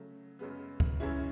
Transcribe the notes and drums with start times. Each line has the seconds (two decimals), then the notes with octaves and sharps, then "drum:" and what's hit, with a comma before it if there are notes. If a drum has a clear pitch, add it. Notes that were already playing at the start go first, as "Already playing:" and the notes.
Already playing: C#3 F#3 A3
0.39 F#2 C#3 G#3 B3
0.80 drum: kick
1.00 F#2 C#3 E3 G#3 C#4 E4